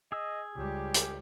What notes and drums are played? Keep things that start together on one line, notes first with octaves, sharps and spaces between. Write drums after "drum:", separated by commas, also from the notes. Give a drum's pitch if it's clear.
G#4 D#5 E6
C#2 G3 G4
drum: hi-hat